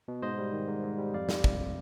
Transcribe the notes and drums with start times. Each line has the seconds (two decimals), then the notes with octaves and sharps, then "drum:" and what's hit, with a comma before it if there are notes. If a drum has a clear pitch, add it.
0.08 B2
0.22 G#2 C5 D#5
0.39 G3
0.53 D#3
0.68 G#2
0.83 G#2
0.98 G3
1.13 F2 D5 F5
1.29 G3, drum: snare
1.44 C3, drum: kick